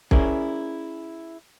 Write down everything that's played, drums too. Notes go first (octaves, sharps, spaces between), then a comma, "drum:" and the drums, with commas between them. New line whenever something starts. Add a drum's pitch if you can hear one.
C#4 E4 G#4 A#4 C5 D5, drum: kick